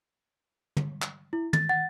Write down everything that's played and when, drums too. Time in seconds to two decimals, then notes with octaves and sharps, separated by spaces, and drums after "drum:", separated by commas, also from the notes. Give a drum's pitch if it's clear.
0.77 drum: tom
1.02 drum: clap
1.33 E4
1.53 A6, drum: tom
1.69 F#5 A6